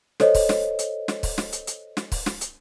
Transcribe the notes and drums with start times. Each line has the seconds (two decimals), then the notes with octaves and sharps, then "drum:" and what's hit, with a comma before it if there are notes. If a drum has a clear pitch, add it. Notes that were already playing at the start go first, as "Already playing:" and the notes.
0.20 A4 C5 C#5 D#5, drum: snare
0.35 drum: kick C#1, open hi-hat
0.49 drum: snare
0.79 drum: hi-hat
1.08 drum: snare
1.23 drum: kick C#1, open hi-hat
1.38 drum: snare
1.53 drum: hi-hat
1.67 drum: hi-hat
1.97 drum: snare
2.12 drum: kick C#1, open hi-hat
2.26 drum: snare
2.41 drum: hi-hat